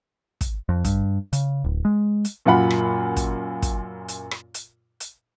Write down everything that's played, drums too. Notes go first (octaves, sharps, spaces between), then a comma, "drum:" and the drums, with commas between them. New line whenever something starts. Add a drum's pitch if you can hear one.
drum: kick, hi-hat
F2
G2, drum: kick, hi-hat
C#3, drum: hi-hat
D1
G#3
drum: hi-hat
F#2 A#2 F4 F#5 B5
drum: rim click
drum: kick, hi-hat
drum: kick, hi-hat
drum: hi-hat
drum: rim click
drum: hi-hat
drum: hi-hat